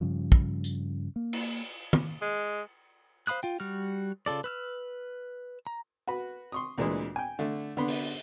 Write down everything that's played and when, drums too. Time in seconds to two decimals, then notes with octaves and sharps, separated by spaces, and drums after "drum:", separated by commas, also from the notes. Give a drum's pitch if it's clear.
0.01 G2 C#3 F3
0.32 drum: kick
0.64 drum: tambourine
1.16 A#3
1.33 drum: cymbal
1.93 drum: tom
2.22 G#3
3.27 C5 F5 B5 D#6 F#6
3.43 F4 G5
3.60 G3 F#4 F6
4.26 C#3 F4 A4 D5
4.44 B4 E6 F6
5.67 A#5
6.07 F#4 B4 B5
6.52 C6 C#6 D#6
6.78 D2 A#2 E3 G#3 B4 D#6
7.16 G5 G#5
7.39 D3 A3
7.77 D3 B3 B5 C6
7.88 drum: open hi-hat